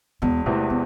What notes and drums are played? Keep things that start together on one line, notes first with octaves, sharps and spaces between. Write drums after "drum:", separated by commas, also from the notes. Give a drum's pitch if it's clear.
E1 B3, drum: tom D#2
E2 C3 E3 A3
B3